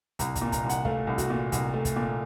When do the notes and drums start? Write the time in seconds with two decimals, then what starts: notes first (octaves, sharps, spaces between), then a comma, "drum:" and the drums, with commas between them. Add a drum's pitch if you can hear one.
0.19 C2 A#5, drum: kick, hi-hat
0.35 A#5, drum: kick, hi-hat
0.42 A#2
0.52 A#5, drum: kick, hi-hat
0.64 C2
0.69 F#5, drum: hi-hat
0.85 A3 F5, drum: kick
1.07 C2
1.18 F#4, drum: kick, hi-hat
1.30 A#2
1.52 C2, drum: kick, hi-hat
1.74 A3
1.85 drum: kick, hi-hat
1.96 A#2